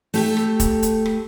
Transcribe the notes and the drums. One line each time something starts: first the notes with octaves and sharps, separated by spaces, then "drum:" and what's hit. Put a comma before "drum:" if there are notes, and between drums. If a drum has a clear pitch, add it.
A3 G4 A4, drum: open hi-hat
drum: rim click
drum: kick, hi-hat
drum: hi-hat
drum: rim click